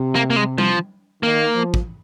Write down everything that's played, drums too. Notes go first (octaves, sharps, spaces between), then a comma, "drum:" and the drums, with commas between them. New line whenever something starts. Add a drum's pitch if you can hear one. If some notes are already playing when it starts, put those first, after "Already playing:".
Already playing: C3
A#3
A#3
G#3
F3, drum: tom G3
D#3 A#3
F3
drum: kick